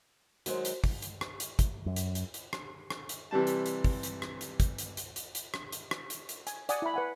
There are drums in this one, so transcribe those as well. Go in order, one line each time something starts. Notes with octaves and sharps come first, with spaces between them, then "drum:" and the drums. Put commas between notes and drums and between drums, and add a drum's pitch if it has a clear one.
D#3 F#3 G#3 F#4 C5, drum: hi-hat
drum: hi-hat
drum: kick, open hi-hat
drum: hi-hat
drum: rim click
drum: hi-hat
drum: kick, hi-hat
F#2
drum: hi-hat
drum: hi-hat
drum: hi-hat
drum: rim click
drum: rim click
drum: hi-hat
C3 E3 G3 A5
drum: hi-hat
drum: hi-hat
drum: kick, open hi-hat
drum: hi-hat
drum: rim click
drum: hi-hat
drum: kick, hi-hat
drum: hi-hat
drum: hi-hat
drum: hi-hat
drum: hi-hat
drum: rim click
drum: hi-hat
drum: rim click
drum: hi-hat
drum: hi-hat
G#5, drum: hi-hat
D5 F#5 G#5 D6 D#6, drum: hi-hat
E4 B5
B4 F#5 G#5